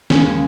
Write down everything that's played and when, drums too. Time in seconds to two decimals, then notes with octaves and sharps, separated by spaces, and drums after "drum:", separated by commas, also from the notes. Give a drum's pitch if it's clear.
0.10 D#2 C#3 G#3 C#4, drum: snare